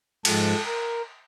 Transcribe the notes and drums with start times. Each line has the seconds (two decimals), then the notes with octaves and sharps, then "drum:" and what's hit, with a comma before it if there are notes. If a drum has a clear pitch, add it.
0.25 G#2 F3 G#3 A4, drum: cymbal
0.66 A#4